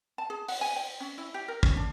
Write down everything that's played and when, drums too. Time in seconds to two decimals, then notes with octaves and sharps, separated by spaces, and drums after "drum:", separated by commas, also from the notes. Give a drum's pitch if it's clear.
0.18 A5
0.30 G#4
0.48 F#5, drum: open hi-hat
0.61 G#5
0.76 G5
1.00 C#4
1.18 E4
1.34 G4
1.48 A#4
1.63 C#4, drum: kick
1.77 D4